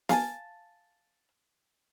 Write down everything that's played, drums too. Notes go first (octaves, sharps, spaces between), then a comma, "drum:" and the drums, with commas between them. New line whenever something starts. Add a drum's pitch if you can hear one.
F5 G#5 A5, drum: snare B3